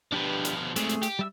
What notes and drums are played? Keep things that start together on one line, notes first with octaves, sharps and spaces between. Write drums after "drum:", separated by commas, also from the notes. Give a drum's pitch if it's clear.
B2 F3 D4 G4 B4
drum: hi-hat
G#2 C3 A3 G#4, drum: hi-hat
drum: hi-hat
G4, drum: hi-hat
G3 E5 E6